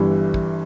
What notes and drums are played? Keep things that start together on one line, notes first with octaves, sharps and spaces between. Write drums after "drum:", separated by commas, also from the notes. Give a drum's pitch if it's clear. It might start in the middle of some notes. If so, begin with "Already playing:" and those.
Already playing: G1 G2 E3 G3
drum: kick